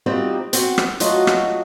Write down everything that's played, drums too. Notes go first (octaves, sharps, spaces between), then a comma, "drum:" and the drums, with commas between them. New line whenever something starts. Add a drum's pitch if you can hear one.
G3 C4 D#4 F4 F#4
C4 F#4, drum: hi-hat
drum: rim click
F#3 A3 F4 F#4 D#5, drum: hi-hat
drum: rim click